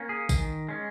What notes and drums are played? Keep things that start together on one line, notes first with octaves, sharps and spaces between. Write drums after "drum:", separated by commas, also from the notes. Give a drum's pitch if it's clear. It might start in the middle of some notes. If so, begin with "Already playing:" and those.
Already playing: A#3 C#4
G#4
D#3, drum: kick, tambourine
G#3 C#4